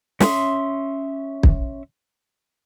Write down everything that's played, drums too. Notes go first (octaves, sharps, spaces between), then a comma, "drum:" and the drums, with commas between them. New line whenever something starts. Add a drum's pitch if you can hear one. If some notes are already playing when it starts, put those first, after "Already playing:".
C#4 E5 C6 D#6, drum: snare
drum: kick